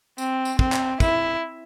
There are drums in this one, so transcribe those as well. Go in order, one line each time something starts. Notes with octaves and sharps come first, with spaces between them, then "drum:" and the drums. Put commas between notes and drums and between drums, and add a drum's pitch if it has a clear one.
C4, drum: tambourine
drum: tambourine
C4, drum: kick
drum: clap
E4, drum: kick, tambourine